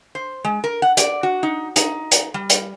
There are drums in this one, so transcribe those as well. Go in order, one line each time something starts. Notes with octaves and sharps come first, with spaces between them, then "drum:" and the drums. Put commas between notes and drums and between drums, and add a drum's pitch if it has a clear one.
C5
G#3
A#4
F#5
D5, drum: hi-hat
F#4
D#4
D#4, drum: hi-hat
drum: hi-hat
G3
drum: hi-hat